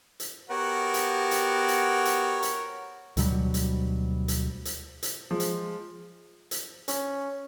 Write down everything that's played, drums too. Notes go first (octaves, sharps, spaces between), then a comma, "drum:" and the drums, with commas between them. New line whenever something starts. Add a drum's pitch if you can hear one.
drum: hi-hat
B3 F#4 G4 A#4 C#5
drum: hi-hat
drum: hi-hat
drum: hi-hat
drum: hi-hat
drum: hi-hat
D2 B2 F#3 G3, drum: hi-hat
drum: hi-hat
drum: hi-hat
drum: hi-hat
drum: hi-hat
F3 G#3
drum: hi-hat
drum: hi-hat
C#4, drum: hi-hat